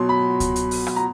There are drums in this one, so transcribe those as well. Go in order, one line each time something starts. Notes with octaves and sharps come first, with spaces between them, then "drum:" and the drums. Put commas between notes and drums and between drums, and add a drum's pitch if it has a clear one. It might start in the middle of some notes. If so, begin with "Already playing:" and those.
Already playing: B2 F#3 C6
B5
drum: kick C#2, hi-hat
drum: hi-hat
drum: open hi-hat
drum: rim click
A#5